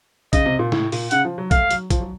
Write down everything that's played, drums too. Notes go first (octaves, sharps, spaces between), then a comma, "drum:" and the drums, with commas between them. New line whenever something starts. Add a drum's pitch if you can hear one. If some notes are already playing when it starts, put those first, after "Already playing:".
C#3 D#5, drum: kick, hi-hat
C3
A#2
A2, drum: snare
A#2, drum: open hi-hat
C#3 F#5, drum: hi-hat
F3
F#3
A3 F5, drum: kick, hi-hat
F#3, drum: hi-hat
F3, drum: kick, hi-hat
F#3